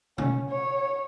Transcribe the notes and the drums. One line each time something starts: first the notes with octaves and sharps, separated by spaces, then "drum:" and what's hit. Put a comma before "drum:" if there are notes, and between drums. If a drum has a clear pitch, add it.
C#4, drum: tom B2
C#5